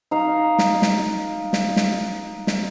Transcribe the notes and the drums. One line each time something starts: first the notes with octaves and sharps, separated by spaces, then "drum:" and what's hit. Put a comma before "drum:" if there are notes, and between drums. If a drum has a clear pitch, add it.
D#4 F5
drum: snare
drum: snare
drum: snare
drum: snare
drum: snare